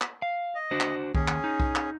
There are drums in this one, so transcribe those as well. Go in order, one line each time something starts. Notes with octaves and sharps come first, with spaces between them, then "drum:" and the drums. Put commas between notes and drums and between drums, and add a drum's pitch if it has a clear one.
drum: clap
F5
D#5
D4 F#4 C5
drum: clap
D#2 C#4 G#4, drum: kick B1
drum: clap
D#4
drum: kick B1
drum: clap